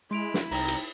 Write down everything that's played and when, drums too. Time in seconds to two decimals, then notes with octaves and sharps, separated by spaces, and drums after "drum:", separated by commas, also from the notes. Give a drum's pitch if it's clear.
0.11 G#3 E4 C6 D7 F7
0.34 drum: snare
0.51 C2 D#4 G5 A#5, drum: open hi-hat
0.68 drum: hi-hat